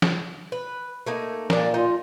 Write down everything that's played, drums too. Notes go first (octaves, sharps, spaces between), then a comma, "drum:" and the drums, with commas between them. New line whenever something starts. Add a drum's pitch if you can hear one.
drum: snare
B4
A3 A#3 D#4
A#2 D4 A#4, drum: snare
D#4 F4